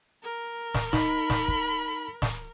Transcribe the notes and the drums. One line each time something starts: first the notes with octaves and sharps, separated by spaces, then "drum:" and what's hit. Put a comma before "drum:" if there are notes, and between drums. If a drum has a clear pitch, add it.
A#4
drum: snare
D#4 B5, drum: snare
drum: snare
drum: kick
drum: snare